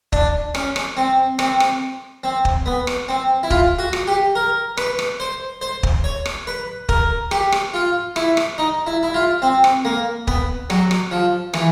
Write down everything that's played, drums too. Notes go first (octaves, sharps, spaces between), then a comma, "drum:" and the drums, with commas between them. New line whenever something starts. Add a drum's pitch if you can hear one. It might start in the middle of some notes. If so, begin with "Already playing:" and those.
D4, drum: kick
C#4, drum: rim click
drum: rim click
C4
C4, drum: rim click
drum: rim click
C4
drum: kick
B3
drum: rim click
C4
E4
F4, drum: kick
F#4
drum: rim click
G4
A#4
B4, drum: rim click
drum: rim click
C5
C5
drum: kick
C#5
drum: rim click
B4
A#4, drum: kick
G4, drum: rim click
drum: rim click
F4
E4, drum: rim click
drum: rim click
D#4
E4
E4
F4
C4
drum: rim click
A#3
B3, drum: kick
F#3, drum: rim click
drum: rim click
F3
E3, drum: rim click